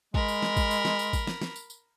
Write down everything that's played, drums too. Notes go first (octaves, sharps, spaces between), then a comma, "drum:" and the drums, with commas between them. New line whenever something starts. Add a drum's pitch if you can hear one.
G#3 A#4 B5, drum: kick
drum: tambourine
drum: snare
drum: kick, tambourine
drum: tambourine
drum: snare
drum: tambourine
drum: kick, tambourine
drum: snare
drum: snare
drum: tambourine
drum: tambourine